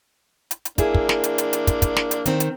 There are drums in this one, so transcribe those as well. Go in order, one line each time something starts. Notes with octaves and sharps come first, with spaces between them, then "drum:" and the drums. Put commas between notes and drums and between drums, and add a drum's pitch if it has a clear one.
drum: hi-hat
drum: hi-hat
A#3 D4 E4 G#4, drum: kick, hi-hat
drum: kick
drum: snare
drum: hi-hat
drum: hi-hat
drum: hi-hat
drum: kick, hi-hat
drum: kick, hi-hat
drum: snare
drum: hi-hat
D#3 C4, drum: hi-hat
drum: hi-hat